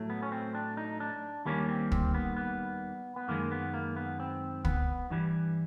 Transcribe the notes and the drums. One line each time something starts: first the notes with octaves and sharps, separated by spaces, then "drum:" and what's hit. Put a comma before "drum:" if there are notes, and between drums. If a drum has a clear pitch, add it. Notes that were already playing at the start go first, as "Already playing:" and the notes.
Already playing: A2 F#3 A3
B3
C#4
C4
D4
D#4
D4
D#2 D#3 G3 A#3 C#4
C4
C4, drum: kick
B3
B3
B3
F#2 D#3 G#3 A#3
B3
A#3
B3
C4
B3, drum: kick
G2 E3 G3